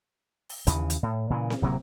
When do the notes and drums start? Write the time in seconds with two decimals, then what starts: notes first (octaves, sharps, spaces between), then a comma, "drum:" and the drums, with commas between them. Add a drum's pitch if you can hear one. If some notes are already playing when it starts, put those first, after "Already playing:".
0.49 drum: open hi-hat
0.67 D#2 C#3 E3, drum: hi-hat
0.90 drum: hi-hat
1.03 A2
1.30 A#2 C#3 E3
1.50 drum: snare C4
1.62 D1 C3 F#3 A#3